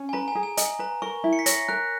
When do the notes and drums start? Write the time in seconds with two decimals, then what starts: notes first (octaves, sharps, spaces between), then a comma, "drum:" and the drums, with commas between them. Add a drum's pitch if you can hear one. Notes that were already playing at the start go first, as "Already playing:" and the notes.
Already playing: C#4
0.09 G#5
0.13 B4 A#5
0.28 G#5
0.35 G#4
0.43 G#5
0.57 D#5 G#5, drum: hi-hat
0.79 B4 A#5
1.02 A#4 C#6
1.24 E4
1.33 C#7
1.39 B6
1.46 C#5 A#6, drum: hi-hat
1.68 A#4 F#6